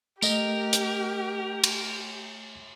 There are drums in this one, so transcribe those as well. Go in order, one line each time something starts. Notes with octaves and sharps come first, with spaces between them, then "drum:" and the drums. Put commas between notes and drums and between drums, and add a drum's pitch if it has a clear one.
A3 G4 A#4 D#5, drum: tambourine
drum: hi-hat
drum: cymbal